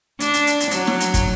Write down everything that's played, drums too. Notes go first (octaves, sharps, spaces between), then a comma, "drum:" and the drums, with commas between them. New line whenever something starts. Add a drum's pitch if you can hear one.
D4, drum: hi-hat
drum: hi-hat
drum: hi-hat
drum: hi-hat
F#3, drum: hi-hat
drum: snare
drum: hi-hat
drum: kick, hi-hat